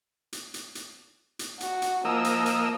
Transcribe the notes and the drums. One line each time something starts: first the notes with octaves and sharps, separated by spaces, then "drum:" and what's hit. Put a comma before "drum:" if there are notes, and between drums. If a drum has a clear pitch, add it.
drum: hi-hat
drum: hi-hat
drum: hi-hat
drum: hi-hat
F#4, drum: hi-hat
drum: hi-hat
F3 A#3 D#5 E6
drum: hi-hat
drum: hi-hat